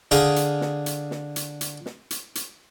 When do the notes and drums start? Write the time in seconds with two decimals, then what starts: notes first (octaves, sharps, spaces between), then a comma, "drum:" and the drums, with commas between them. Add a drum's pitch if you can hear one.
0.11 D3 G#4 F5 G5 G#5 D#6, drum: hi-hat
0.36 drum: hi-hat
0.61 drum: snare
0.86 drum: hi-hat
1.11 drum: snare
1.36 drum: hi-hat
1.61 drum: hi-hat
1.86 drum: snare
2.11 drum: hi-hat
2.35 drum: hi-hat